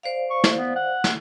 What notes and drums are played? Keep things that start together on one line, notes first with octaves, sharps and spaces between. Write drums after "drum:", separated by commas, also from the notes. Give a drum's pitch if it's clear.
C5 D5 F5
C#6
drum: snare
B3
F#5
drum: snare